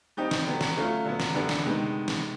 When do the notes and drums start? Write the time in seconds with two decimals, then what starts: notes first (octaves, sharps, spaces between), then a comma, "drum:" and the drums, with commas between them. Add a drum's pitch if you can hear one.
0.17 G3 C4 D#4 G4
0.31 drum: snare
0.46 D3 F#3 B3
0.61 drum: snare
0.76 F#3 A3 C#4 F4
1.05 D3 F#3 B3
1.20 drum: snare
1.34 F#2 D3 G3 B3 D4
1.49 drum: snare
1.64 C3 D#3 G#3 B3
2.08 drum: snare